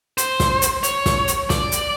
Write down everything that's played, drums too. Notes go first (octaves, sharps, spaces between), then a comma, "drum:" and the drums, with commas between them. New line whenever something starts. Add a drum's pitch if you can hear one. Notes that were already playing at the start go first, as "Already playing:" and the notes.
C5, drum: hi-hat
drum: snare
drum: hi-hat
C#5, drum: hi-hat
drum: snare
drum: hi-hat
D5, drum: snare
drum: hi-hat